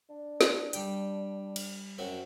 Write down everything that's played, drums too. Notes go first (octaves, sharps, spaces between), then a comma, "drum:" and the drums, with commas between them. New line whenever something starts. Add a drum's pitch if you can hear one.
D4
drum: snare
G3 G5, drum: hi-hat
drum: cymbal
F#2 C4 F#4